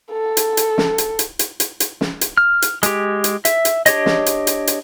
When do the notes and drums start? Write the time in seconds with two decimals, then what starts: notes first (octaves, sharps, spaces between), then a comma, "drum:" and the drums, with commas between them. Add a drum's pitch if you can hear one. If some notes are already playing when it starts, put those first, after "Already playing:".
0.11 A4
0.37 drum: hi-hat
0.57 drum: hi-hat
0.78 drum: snare
0.98 drum: hi-hat
1.19 drum: hi-hat
1.39 drum: hi-hat
1.60 drum: hi-hat
1.80 drum: hi-hat
2.01 drum: snare
2.21 drum: hi-hat
2.37 F6
2.62 drum: hi-hat
2.83 G#3 G4, drum: hi-hat
3.24 drum: hi-hat
3.45 E5, drum: hi-hat
3.65 drum: hi-hat
3.86 D4 G4 C#5 D#5, drum: hi-hat
4.06 drum: snare
4.26 drum: hi-hat
4.47 drum: hi-hat
4.67 drum: hi-hat